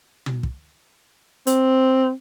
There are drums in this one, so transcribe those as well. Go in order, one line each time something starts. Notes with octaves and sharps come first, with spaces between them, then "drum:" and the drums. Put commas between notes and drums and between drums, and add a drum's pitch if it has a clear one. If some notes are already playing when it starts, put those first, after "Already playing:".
drum: tom
drum: kick
C4, drum: hi-hat